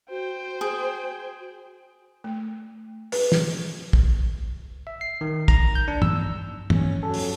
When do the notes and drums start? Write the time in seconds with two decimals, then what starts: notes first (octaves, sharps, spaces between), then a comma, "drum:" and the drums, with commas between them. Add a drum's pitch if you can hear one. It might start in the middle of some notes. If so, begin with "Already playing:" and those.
0.10 F#4 C5 G5
0.61 G#4
2.24 A3
3.12 B4, drum: open hi-hat
3.32 drum: snare
3.93 drum: kick
4.87 E5
5.01 C7
5.21 D#3
5.48 A#5, drum: kick
5.75 G6
5.88 D4
6.02 E6, drum: tom
6.70 C#4, drum: tom
7.03 F#3 C#4 A4
7.14 drum: open hi-hat